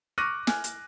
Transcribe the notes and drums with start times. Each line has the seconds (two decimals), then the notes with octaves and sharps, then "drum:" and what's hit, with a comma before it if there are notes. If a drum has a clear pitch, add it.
0.18 C#6 D6 F6 F#6 A#6 D#7
0.47 G#5 F6 F#6, drum: snare
0.64 drum: hi-hat